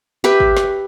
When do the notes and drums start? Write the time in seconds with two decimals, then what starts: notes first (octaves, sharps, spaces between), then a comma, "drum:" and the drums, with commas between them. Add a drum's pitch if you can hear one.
0.24 G4 B4 E5
0.40 drum: kick
0.57 drum: snare